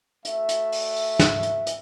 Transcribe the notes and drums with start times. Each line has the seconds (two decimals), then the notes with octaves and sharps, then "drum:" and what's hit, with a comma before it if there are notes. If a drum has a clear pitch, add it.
0.25 A3 F#4 E5, drum: hi-hat
0.49 drum: hi-hat
0.72 drum: open hi-hat
0.96 drum: open hi-hat
1.19 drum: snare
1.43 drum: hi-hat
1.67 drum: hi-hat